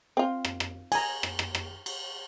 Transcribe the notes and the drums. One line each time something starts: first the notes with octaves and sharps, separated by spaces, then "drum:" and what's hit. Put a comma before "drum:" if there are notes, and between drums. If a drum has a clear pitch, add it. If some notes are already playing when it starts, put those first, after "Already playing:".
C4 F4
drum: rim click
drum: rim click
G#5 A#5, drum: cymbal
drum: rim click
drum: rim click
drum: rim click
drum: cymbal